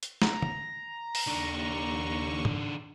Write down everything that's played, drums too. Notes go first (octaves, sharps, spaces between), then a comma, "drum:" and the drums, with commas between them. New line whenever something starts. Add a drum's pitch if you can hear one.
drum: hi-hat
A#5, drum: snare
drum: tom
drum: open hi-hat
D#2 D#3 D4 C#6
drum: tom G#2